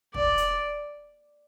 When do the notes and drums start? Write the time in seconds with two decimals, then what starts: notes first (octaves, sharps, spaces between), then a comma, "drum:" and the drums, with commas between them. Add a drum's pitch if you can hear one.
0.14 D5, drum: kick
0.37 drum: hi-hat